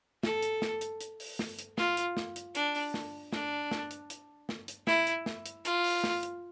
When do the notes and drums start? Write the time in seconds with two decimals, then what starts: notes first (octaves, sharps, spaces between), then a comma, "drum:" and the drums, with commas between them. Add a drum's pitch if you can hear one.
0.23 A4, drum: snare
0.42 drum: hi-hat
0.62 drum: snare
0.81 drum: hi-hat
1.01 drum: hi-hat
1.20 drum: open hi-hat
1.39 drum: snare
1.59 drum: hi-hat
1.78 F4, drum: snare
1.97 drum: hi-hat
2.17 drum: snare
2.36 drum: hi-hat
2.55 D4, drum: hi-hat
2.75 drum: open hi-hat
2.94 drum: snare
3.33 D4, drum: snare
3.71 drum: snare
3.91 drum: hi-hat
4.10 drum: hi-hat
4.49 drum: snare
4.68 drum: hi-hat
4.87 E4, drum: snare
5.07 drum: hi-hat
5.26 drum: snare
5.46 drum: hi-hat
5.65 F4, drum: hi-hat
5.84 drum: open hi-hat
6.04 drum: snare
6.23 drum: hi-hat